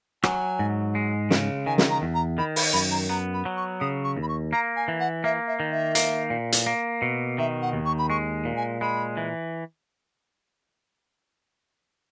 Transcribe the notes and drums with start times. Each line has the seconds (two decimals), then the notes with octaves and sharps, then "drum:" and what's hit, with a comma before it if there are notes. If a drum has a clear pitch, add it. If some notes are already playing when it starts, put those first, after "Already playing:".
0.23 F#3 G#5, drum: rim click
0.59 G#2
0.95 G#3
1.30 C#3, drum: snare
1.66 D#3 G#5
1.78 drum: snare
1.90 A#5
2.02 E2
2.14 A#5
2.38 D#3 B5
2.56 B5, drum: open hi-hat
2.73 F#2 B5
2.91 A#5
3.09 B3 A#5
3.33 B5
3.46 F#3
3.57 C#6
3.80 C#3 D#6
4.04 C#6
4.16 D#2
4.23 B5
4.29 C#6
4.52 A#3 A#5
4.76 G#5
4.88 E3
5.00 F#5
5.24 A#3 E5
5.47 E5
5.60 D#3
5.72 E5
5.95 A#3, drum: hi-hat
6.30 A#2
6.52 drum: hi-hat
6.67 A#3
7.02 B2
7.38 D#3 E5
7.62 F#5
7.73 D#2
7.86 C#6
7.98 B5
8.09 G#3 C#6
8.45 A#2
8.57 G#5
8.81 G#3 B5
9.17 E3